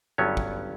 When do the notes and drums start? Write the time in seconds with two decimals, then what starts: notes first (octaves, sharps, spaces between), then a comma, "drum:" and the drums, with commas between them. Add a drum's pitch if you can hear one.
0.18 G1 G2 F#3 B3 C#4 C#5
0.37 drum: kick